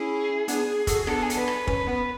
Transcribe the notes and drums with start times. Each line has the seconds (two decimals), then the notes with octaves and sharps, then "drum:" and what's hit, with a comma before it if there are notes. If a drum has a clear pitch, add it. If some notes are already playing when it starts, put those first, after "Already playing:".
Already playing: C#4 E4 G#4
0.48 B3 D4, drum: hi-hat
0.87 F#4 A4, drum: kick, hi-hat
1.07 B3 D4 A4, drum: rim click
1.22 G#4
1.30 A4, drum: hi-hat
1.38 B4
1.48 drum: rim click
1.67 C#4 B4, drum: kick
1.87 B3 B4